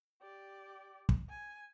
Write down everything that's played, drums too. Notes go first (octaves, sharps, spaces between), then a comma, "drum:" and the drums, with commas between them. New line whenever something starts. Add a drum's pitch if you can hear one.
G4 D5
drum: kick
G#5